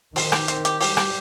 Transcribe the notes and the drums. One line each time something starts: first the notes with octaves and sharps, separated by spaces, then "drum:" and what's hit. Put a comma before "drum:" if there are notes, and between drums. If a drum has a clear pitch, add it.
D#3 C4, drum: open hi-hat
G4, drum: rim click
C4, drum: hi-hat
G4, drum: hi-hat
G3 G4, drum: open hi-hat
G4, drum: rim click